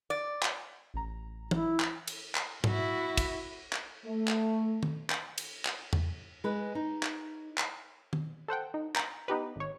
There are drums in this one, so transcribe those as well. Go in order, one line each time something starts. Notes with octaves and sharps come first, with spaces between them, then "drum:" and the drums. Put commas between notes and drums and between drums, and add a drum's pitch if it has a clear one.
D5
drum: clap
A1 A#5
E4, drum: tom
drum: clap
drum: cymbal
drum: clap
E4 F#4, drum: tom G#2
drum: kick, cymbal
drum: clap
A3
drum: clap
drum: tom
drum: clap
drum: cymbal
drum: clap
drum: tom E2
G#3 B4
D#4
drum: clap
drum: clap
drum: tom
A4 C5 F#5 G5
D#4
A#5, drum: clap
B3 D#4 G4 B4
G#1 C#5